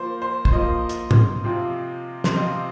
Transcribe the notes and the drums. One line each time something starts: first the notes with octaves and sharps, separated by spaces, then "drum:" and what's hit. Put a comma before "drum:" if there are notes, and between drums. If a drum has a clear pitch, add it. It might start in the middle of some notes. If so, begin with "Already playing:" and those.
Already playing: F3 A#3 F4 C5
C5
C5, drum: kick
F3 A#3 F4 D#5
drum: hi-hat
drum: tom
C3 F3 C4 F4
C5, drum: snare
C3 F3 C4 F4 D#5